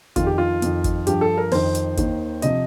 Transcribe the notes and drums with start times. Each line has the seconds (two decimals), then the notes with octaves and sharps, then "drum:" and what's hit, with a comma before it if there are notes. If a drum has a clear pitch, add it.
0.16 F2 D#3 F4, drum: kick G1, hi-hat
0.27 G4
0.38 F4
0.62 F2 D#3, drum: hi-hat
0.84 drum: kick G1, hi-hat
1.07 G2 F3 G4, drum: hi-hat
1.21 A4
1.38 A#4
1.51 F2 D#3 C5, drum: open hi-hat
1.75 drum: hi-hat
1.97 D#2 D#3, drum: kick G1, hi-hat
2.42 C3 F3 D#5, drum: hi-hat